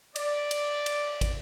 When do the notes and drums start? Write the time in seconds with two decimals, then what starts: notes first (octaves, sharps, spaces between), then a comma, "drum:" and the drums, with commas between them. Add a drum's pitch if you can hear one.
0.16 D5, drum: cymbal
0.51 drum: cymbal
0.86 drum: cymbal
1.21 drum: kick, cymbal